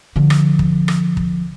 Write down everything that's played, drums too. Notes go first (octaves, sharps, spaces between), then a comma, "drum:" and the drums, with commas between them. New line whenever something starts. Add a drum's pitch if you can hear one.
D3 F3
drum: rim click
drum: kick
drum: rim click
drum: kick